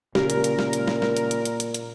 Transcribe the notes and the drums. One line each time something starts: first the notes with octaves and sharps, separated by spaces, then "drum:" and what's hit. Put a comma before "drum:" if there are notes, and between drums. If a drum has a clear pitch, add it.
A#2 C#3 G4 A#4, drum: snare
drum: hi-hat
drum: hi-hat
drum: snare
drum: hi-hat
drum: snare
drum: snare
drum: hi-hat
drum: hi-hat
drum: hi-hat
drum: hi-hat
drum: hi-hat